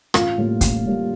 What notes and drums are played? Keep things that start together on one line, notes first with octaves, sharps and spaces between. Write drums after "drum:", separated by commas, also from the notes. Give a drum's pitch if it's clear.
A1 F4, drum: rim click
A2 G3 A#3
A1, drum: kick, hi-hat
A2 G3 A#3